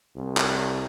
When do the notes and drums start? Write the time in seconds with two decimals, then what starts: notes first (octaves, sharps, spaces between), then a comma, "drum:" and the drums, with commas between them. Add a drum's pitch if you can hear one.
0.16 C2
0.37 drum: clap